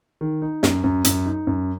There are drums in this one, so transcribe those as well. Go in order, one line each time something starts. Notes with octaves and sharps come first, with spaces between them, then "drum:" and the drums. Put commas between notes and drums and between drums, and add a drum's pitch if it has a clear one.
D#3
D#4
F#2, drum: snare
F#2
F#2, drum: hi-hat
D#4
F#2